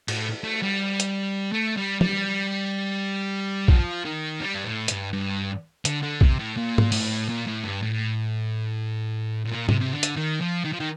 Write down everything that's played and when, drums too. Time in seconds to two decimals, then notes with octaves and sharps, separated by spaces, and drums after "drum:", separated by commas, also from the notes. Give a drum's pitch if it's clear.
0.08 A2, drum: cymbal
0.44 A3
0.62 G3
1.00 drum: hi-hat
1.53 A3
1.77 G3
2.01 G3, drum: tom
3.68 F3, drum: kick
4.05 D#3
4.41 G3
4.54 G2
4.64 A2
4.88 G2, drum: hi-hat
5.13 G2
5.85 D3, drum: hi-hat
6.03 D3
6.21 C3, drum: kick
6.39 A2
6.57 A#2
6.78 drum: tom G#2
6.92 A2, drum: open hi-hat
7.29 A#2
7.47 A2
7.65 G2
7.82 A2
9.44 A#2
9.69 C3, drum: tom G#2
9.81 C3
9.93 D3
10.03 drum: hi-hat
10.16 D#3
10.41 F3
10.65 D#3
10.73 F3
10.80 D#3